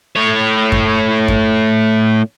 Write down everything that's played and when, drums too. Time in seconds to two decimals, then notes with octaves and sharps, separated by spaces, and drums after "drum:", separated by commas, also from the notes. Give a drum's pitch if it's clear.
0.16 A2 C#5
0.72 drum: kick F#2
1.28 drum: kick F#2